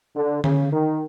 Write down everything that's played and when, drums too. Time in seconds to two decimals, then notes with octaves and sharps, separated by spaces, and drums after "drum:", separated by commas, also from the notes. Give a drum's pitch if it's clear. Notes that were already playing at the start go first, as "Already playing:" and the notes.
0.15 D3
0.44 C#3, drum: tom D3
0.73 D#3